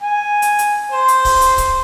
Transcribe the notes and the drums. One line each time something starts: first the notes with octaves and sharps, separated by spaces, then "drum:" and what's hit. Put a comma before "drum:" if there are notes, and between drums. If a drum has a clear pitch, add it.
G#5
drum: hi-hat
drum: hi-hat
C5
drum: hi-hat
drum: kick C#1, open hi-hat
drum: hi-hat
drum: kick C#1, hi-hat